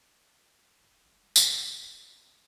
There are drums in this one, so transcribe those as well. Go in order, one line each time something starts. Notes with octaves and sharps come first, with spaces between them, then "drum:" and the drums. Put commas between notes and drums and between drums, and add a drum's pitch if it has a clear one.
D#1 G#2
G3 G#3
F#2 E3, drum: tambourine
D4 D#4